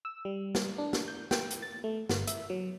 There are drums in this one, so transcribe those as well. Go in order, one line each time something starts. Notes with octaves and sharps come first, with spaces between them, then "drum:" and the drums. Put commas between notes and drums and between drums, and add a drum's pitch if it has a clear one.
E6
G3
drum: snare
D4
drum: snare
G6
G5, drum: snare
drum: hi-hat
A6
A3
G1, drum: snare
E5, drum: hi-hat
F#3